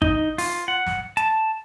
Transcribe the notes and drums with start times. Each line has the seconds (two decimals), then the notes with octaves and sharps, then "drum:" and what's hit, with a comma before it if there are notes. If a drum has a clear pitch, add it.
0.02 D#4, drum: kick G#1
0.38 F4, drum: open hi-hat
0.68 F#5
0.86 drum: snare
1.17 A5, drum: hi-hat